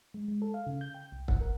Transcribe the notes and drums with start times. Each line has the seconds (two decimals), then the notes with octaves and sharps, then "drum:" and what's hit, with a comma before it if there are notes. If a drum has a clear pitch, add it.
0.14 G#3
0.28 G#3
0.42 A4
0.54 F5
0.67 C#3
0.81 G6
0.94 G5
1.12 C2
1.28 F#5, drum: kick
1.41 A#4